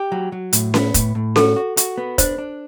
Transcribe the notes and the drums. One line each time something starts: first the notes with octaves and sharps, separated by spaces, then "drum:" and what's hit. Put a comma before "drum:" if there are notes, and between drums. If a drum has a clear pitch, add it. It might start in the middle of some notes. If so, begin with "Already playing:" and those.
Already playing: G4
F#3
F#3
A2, drum: hi-hat
B3, drum: snare C#4
A2, drum: kick, hi-hat
A2
F#4 A4, drum: snare C#4
F#4
F#4, drum: hi-hat
B3
D4 C5, drum: kick, hi-hat
D4